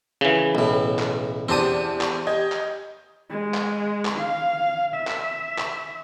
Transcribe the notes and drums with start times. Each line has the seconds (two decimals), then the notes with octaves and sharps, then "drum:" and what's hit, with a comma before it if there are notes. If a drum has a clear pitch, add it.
0.21 C#3 E3
0.55 B1 A2
0.99 drum: clap
1.49 E2 C4 D4 G4 A5 D#6
2.01 drum: clap
2.27 G4 D#5 G#6
2.52 drum: clap
3.30 G#3
3.54 drum: clap
4.05 drum: clap
4.18 F5
4.95 E5
5.07 drum: clap
5.58 drum: clap